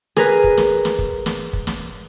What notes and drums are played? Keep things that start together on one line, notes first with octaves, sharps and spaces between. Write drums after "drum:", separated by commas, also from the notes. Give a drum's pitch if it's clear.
G#4 A#4 B4, drum: snare
drum: kick
drum: snare
drum: snare
drum: kick
drum: snare
drum: kick
drum: snare